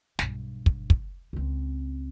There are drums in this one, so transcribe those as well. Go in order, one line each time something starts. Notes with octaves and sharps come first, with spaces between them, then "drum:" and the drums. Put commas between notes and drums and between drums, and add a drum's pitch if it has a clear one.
B1 G2, drum: snare
drum: kick
drum: kick
C#2 C4